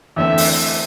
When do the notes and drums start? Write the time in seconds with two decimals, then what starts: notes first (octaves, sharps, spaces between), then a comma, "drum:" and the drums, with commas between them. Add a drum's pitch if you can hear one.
0.16 E2 D3 A3 C4 E5
0.38 drum: open hi-hat